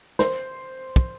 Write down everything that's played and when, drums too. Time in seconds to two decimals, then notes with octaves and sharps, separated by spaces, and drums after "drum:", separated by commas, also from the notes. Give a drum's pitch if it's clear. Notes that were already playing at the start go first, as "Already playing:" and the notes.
0.19 C5, drum: snare
0.96 drum: kick